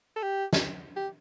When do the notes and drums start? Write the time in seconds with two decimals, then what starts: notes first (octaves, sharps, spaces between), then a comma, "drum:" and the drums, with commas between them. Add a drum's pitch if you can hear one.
0.16 A4
0.22 G4
0.53 drum: snare
0.96 G4